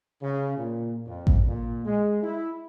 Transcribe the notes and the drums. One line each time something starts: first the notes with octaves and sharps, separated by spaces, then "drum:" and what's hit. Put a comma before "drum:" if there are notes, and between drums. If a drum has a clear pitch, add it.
C#3
A#2
F2
drum: kick A1
A#2
G#3
E4